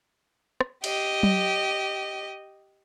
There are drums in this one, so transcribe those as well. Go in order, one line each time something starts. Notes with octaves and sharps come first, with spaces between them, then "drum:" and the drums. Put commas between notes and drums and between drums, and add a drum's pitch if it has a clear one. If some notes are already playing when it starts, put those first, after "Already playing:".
drum: rim click
G4 D#5, drum: cymbal
drum: tom F#3